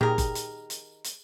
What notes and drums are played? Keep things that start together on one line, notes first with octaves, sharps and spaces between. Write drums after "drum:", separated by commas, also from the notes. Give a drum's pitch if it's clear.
A#2 D#3 G4 G#4 A#4 G#5
drum: kick F#1, hi-hat
drum: hi-hat
drum: hi-hat
drum: hi-hat